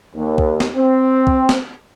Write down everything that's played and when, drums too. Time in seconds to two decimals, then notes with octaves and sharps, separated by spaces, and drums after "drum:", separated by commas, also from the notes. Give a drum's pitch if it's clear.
0.16 D#2
0.38 drum: kick B1
0.60 drum: snare
0.76 C4
1.27 drum: kick B1
1.49 drum: snare